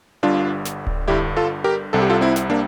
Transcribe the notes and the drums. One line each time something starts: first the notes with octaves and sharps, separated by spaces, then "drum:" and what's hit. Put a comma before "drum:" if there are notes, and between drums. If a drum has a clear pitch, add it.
G1 G2 D3 G3 D4 F4
drum: snare
drum: kick D1
G1 G2 D3 G3 E4 G4
F4 A4
G4 A#4
C2 C3 G3 A4
G4
F4 A4
C4 E4
drum: snare
A#3 D4